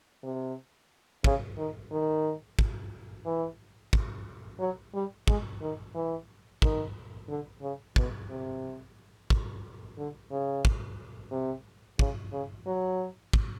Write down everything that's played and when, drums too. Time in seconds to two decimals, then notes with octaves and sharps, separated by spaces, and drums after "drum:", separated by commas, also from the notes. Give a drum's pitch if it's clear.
0.23 C3
1.24 C#3, drum: kick
1.57 D#3
1.92 D#3
2.59 drum: kick
3.26 E3
3.93 drum: kick
4.60 F#3
4.94 G3
5.28 G#3, drum: kick
5.61 D#3
5.95 E3
6.62 D#3, drum: kick
7.29 D3
7.62 C#3
7.96 B2, drum: kick
8.30 C3
9.30 drum: kick
9.98 D3
10.31 C#3
10.65 drum: kick
11.31 C3
11.99 C#3, drum: kick
12.33 C#3
12.67 F#3
13.33 drum: kick